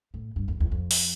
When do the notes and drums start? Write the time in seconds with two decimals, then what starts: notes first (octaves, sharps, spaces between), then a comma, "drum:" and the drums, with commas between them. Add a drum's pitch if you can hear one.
0.14 A2
0.36 G2
0.48 F2
0.60 E2
0.72 F2
0.91 drum: open hi-hat